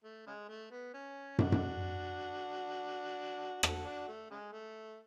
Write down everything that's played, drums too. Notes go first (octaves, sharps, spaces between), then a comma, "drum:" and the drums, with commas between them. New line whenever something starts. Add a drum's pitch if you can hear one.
A3
C#3 G#3
A3
B3
C#4
D4 F#4, drum: tom
drum: tom
F#4 A4, drum: rim click
D4 F#4
A3
C#3 G#3
A3